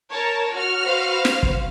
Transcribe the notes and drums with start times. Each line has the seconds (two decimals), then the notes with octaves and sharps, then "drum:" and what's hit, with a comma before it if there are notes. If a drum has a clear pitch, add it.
0.12 A#4 C#5 A5
0.53 F#4 F6
0.84 B4 C5 F5
1.25 drum: snare
1.43 drum: kick